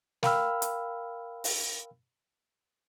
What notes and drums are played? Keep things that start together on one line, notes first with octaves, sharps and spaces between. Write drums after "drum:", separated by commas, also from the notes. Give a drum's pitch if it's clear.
A#4 F5 G5 B5 E6 F6, drum: snare
drum: hi-hat
drum: open hi-hat